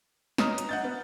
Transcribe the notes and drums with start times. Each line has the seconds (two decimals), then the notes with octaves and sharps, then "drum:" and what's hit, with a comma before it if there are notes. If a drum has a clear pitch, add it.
0.38 B4 C#5 D#5 A#5 D#6 F6, drum: snare
0.58 drum: hi-hat
0.69 D4 D#5 E5 F#5 G6 A6
0.84 B3 B4